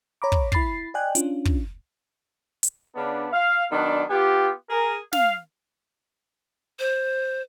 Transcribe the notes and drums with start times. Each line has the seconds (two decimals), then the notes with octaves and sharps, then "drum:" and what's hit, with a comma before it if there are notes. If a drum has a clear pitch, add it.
0.22 C#5 A#5 B5 D6
0.32 drum: kick
0.52 E4 B5 A6 C7, drum: kick
0.94 D5 D#5 G5 G#5 F#6
1.15 C#4 D4 F4, drum: hi-hat
1.45 drum: kick
2.63 drum: hi-hat
2.95 C#3 B3 D4
3.32 F5
3.71 D#3 F#3 B3 D4
4.10 B3 F4 G4
4.69 G#4 A#4
5.13 F5, drum: snare
6.80 C5